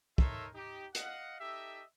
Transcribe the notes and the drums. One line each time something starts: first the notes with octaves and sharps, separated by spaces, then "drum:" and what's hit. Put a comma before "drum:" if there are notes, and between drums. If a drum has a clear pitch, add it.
D#4 A4 A#4 C#5 E5 C6, drum: kick
D#4 G4
D#5 F5 F#5, drum: hi-hat
D#4 G4 A4 D#5 E5